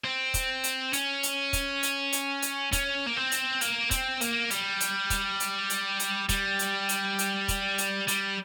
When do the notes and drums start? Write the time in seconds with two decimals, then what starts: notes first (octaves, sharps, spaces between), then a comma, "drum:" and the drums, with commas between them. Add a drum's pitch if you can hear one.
0.05 C4
0.34 drum: kick, hi-hat
0.64 drum: hi-hat
0.93 C#4, drum: hi-hat
1.23 drum: hi-hat
1.53 drum: kick, hi-hat
1.83 drum: hi-hat
2.13 drum: hi-hat
2.42 drum: hi-hat
2.73 C#4, drum: kick, hi-hat
3.07 A#3
3.17 C4
3.32 drum: hi-hat
3.61 A#3, drum: hi-hat
3.91 C4, drum: kick, hi-hat
4.21 A#3, drum: hi-hat
4.51 G3, drum: hi-hat
4.80 drum: hi-hat
5.10 drum: kick, hi-hat
5.40 drum: hi-hat
5.70 drum: hi-hat
6.00 drum: hi-hat
6.29 G3, drum: kick, hi-hat
6.59 drum: hi-hat
6.89 drum: hi-hat
7.19 drum: hi-hat
7.48 drum: kick, hi-hat
7.78 drum: hi-hat
8.08 G3, drum: hi-hat